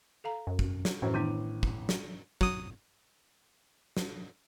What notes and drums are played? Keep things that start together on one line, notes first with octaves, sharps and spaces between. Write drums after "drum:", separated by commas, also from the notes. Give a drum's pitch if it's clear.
A4 F5 A#5
F#2
drum: kick
drum: snare
F#2 A2 E3 F#3 C5
A1 D#3 B3 D4 D6 D#7
drum: kick
drum: snare
F#3 D#6, drum: kick
drum: snare